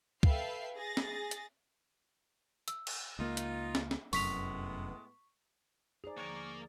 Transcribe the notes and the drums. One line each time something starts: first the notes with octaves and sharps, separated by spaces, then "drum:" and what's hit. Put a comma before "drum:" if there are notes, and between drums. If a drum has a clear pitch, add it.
A4 B4 E5 F5 G5 C7, drum: kick C#2
G#4 A6 A#6
drum: snare
drum: hi-hat
E6, drum: hi-hat
drum: cymbal
C#2 A#3 D#4 F4
drum: hi-hat
drum: snare
drum: snare
F1 F#2 A2 G#3 B3 C#6 B6 F7, drum: open hi-hat
D#4 G#4 C5 D5 A#5
D#2 D3 F3 A#3 A#4 C#6